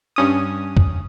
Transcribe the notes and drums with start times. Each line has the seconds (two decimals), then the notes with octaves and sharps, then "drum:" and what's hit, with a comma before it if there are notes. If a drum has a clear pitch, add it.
0.16 G2 C#4 D#6
0.77 drum: kick